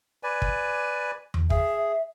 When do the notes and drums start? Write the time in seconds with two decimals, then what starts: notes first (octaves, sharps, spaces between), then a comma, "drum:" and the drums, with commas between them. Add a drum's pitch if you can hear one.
0.23 B4 D5 G#5
0.42 drum: kick
1.34 drum: tom E2
1.50 G#4 E5, drum: kick